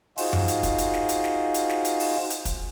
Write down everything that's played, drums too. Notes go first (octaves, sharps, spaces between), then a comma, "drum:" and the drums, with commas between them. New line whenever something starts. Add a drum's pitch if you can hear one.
D#4 F4 F#4 G#4 C5, drum: open hi-hat
drum: tom F#2
drum: hi-hat
drum: kick, hi-hat
drum: hi-hat
drum: snare
drum: hi-hat
drum: snare
drum: hi-hat
drum: snare
drum: hi-hat
drum: open hi-hat
drum: hi-hat
drum: kick, hi-hat